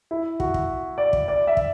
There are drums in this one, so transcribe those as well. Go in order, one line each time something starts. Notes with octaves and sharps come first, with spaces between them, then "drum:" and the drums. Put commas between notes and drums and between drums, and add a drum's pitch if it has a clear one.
E4
F#4, drum: kick
drum: kick
D5
drum: kick
D5
E5
drum: kick